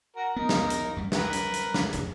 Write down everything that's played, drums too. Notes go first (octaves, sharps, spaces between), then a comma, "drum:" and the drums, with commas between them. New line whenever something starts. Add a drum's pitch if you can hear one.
F#4 A#4
B3 D#4 A#4
drum: snare
drum: hi-hat
F#2 G3
A#4 B4, drum: snare
drum: hi-hat
drum: hi-hat
drum: snare
F1 G#2, drum: hi-hat